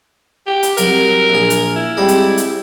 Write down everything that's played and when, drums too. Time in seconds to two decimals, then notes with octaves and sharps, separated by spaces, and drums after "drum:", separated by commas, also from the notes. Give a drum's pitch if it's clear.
0.47 G4
0.63 drum: hi-hat
0.77 C2 F#3 F#4 A#4, drum: hi-hat
1.30 A#1 G#4
1.50 drum: hi-hat
1.76 E4
1.97 G#2 G3 C4
2.08 drum: hi-hat
2.37 drum: hi-hat